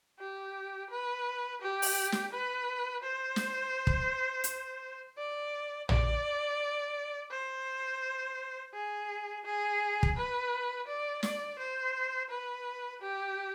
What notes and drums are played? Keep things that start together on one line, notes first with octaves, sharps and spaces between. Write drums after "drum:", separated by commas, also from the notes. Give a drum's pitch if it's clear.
G4
B4
G4
drum: open hi-hat
drum: snare
B4
C5
drum: snare
drum: kick
drum: hi-hat
D5
D5, drum: tom
C5
G#4
G#4
drum: kick
B4
D5
D5, drum: snare
C5
B4
G4